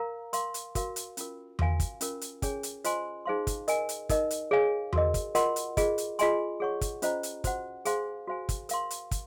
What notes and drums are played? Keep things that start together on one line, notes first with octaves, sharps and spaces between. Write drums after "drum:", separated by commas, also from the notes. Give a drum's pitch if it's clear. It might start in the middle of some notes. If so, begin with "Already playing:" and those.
Already playing: A#4 F5 A#5
A#4 F5 C6, drum: hi-hat
drum: hi-hat
F#4 A#4 F5, drum: kick, hi-hat
drum: hi-hat
C#4 F4 A#4, drum: hi-hat
F#4 A#4 F5 G#5, drum: tom E2
drum: kick, hi-hat
C#4 F4 A#4, drum: hi-hat
drum: hi-hat
C#4 G#4 C#5 G#5, drum: kick, hi-hat
drum: hi-hat
F4 C5 D#5 G#5 C6, drum: hi-hat
D#4 G#4 C5 F5 C6
drum: kick, hi-hat
A#4 D#5 G#5, drum: hi-hat
drum: hi-hat
D#4 A#4 D#5, drum: kick, hi-hat
drum: hi-hat
G#4 C#5 F5 G#5
F#4 A#4 D#5, drum: tom E2
drum: kick, hi-hat
F4 A#4 D#5 F#5 C6, drum: hi-hat
drum: hi-hat
F4 G#4 D#5, drum: kick, hi-hat
drum: hi-hat
F4 G#4 D#5 G#5 C6, drum: hi-hat
G#4 C#5 F#5 C#6
drum: kick, hi-hat
C#4 F4 C5 D#5 A#5, drum: hi-hat
drum: hi-hat
F#4 C5 F#5, drum: kick, hi-hat
G#4 C5 F5 G#5 C6, drum: hi-hat
F#4 C5 F5 G#5
drum: kick, hi-hat
A#4 F5 C6, drum: hi-hat
drum: hi-hat
drum: kick, hi-hat